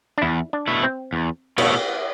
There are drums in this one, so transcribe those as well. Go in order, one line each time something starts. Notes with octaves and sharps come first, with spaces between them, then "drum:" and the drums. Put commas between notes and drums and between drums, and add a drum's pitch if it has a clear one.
D4
E2 E4
D4
B2 A3 E4
C4
E2
B2 A3 E4, drum: cymbal